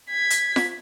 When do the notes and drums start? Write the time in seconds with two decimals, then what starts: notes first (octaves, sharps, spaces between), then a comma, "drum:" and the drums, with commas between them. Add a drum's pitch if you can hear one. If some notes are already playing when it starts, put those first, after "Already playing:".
0.10 G#6 B6
0.30 drum: hi-hat
0.56 drum: snare F4